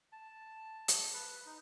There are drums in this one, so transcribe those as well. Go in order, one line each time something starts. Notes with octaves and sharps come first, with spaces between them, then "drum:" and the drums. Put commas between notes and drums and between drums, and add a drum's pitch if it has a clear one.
A5
drum: hi-hat
B4
D#4